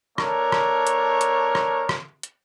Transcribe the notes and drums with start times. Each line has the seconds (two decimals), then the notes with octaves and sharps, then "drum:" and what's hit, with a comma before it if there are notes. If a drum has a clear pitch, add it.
0.18 A3 D4 A#4 C#5, drum: rim click
0.52 drum: rim click
0.87 drum: hi-hat
1.21 drum: hi-hat
1.55 drum: rim click
1.89 drum: rim click
2.23 drum: hi-hat